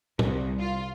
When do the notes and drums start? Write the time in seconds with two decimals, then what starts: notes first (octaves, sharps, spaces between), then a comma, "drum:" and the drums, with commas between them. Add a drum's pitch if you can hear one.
0.19 C2, drum: tom
0.60 F4